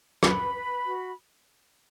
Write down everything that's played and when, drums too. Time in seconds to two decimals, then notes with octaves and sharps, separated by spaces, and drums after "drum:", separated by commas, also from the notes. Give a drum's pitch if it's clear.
0.23 B4 B5, drum: rim click
0.54 B4
0.85 F#4